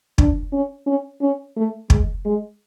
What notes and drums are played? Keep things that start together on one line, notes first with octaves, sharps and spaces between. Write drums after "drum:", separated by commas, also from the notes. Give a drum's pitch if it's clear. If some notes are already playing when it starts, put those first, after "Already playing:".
D4, drum: kick
C#4
C#4
C#4
A3
G#3, drum: kick
G#3